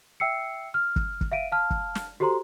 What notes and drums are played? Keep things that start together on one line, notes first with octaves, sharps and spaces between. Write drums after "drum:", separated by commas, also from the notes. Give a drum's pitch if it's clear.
E5 G5 E6 C7 C#7
F6
drum: kick
drum: kick
E5 F5 D7 D#7
F5 A5 F6
drum: kick
drum: snare
F#4 G4 A4 C5 A#5 C6